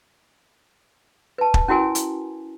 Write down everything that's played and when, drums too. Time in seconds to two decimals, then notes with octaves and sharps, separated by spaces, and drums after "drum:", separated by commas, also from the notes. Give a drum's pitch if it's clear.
1.38 B4 A5
1.54 drum: kick
1.68 C#4 E4 F#4 A#4 G#5
1.95 drum: hi-hat